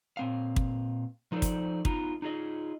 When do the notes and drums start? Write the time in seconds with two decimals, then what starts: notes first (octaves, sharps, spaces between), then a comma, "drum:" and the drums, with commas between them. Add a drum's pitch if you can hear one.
0.17 A#2 C4 F5
0.56 drum: kick
1.32 F3 D#4 A4 A#4 C5 D5
1.42 drum: kick, hi-hat
1.85 B3 D#4 F4 A#5, drum: kick
2.22 D#4 F4 G#4 D#5